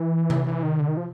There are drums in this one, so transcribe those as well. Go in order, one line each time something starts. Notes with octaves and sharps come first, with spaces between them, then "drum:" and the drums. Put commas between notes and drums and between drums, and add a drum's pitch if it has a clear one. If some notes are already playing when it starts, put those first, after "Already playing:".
Already playing: E3
drum: tom C3
E3
D#3
D3
D#3
F3